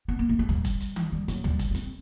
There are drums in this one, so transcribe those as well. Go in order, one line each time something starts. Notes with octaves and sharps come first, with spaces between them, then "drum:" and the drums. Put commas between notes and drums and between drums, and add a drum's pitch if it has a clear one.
B3
A#3
A3
G#3
G3, drum: tom
drum: kick E1, hi-hat
drum: hi-hat
drum: tom D#3
G3
F#3, drum: hi-hat
G3, drum: tom
drum: kick E1, hi-hat
C#4
C4, drum: hi-hat